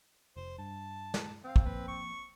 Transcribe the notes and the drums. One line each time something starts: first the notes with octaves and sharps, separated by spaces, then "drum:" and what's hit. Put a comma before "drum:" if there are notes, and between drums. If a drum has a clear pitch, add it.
F1 C5
G2 A5
drum: snare
C4 F5
drum: kick
F3 A#3 B4
C#6